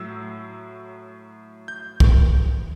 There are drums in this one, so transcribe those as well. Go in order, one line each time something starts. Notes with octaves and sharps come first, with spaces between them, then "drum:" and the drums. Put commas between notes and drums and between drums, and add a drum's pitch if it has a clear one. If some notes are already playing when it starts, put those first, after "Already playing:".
Already playing: A2 F#3 E6
G6
drum: kick